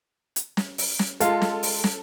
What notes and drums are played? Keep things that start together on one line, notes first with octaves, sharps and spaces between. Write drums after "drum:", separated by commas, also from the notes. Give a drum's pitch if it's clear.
drum: hi-hat
drum: snare
drum: open hi-hat
drum: snare
G#3 F4 A4 F5, drum: hi-hat
drum: snare
drum: open hi-hat
drum: snare